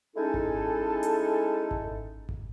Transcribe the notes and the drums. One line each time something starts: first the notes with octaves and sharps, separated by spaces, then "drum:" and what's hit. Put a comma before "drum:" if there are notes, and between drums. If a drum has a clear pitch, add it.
G#3 A3 C#4 D#4 E4 A4
drum: kick G#1
drum: hi-hat
drum: kick G#1
drum: kick G#1